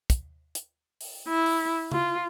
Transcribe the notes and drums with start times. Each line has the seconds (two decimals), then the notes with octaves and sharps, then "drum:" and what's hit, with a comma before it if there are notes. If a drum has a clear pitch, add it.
0.10 drum: kick, hi-hat
0.55 drum: hi-hat
1.01 drum: open hi-hat
1.28 E4
1.46 drum: open hi-hat
1.92 F4, drum: tom C#3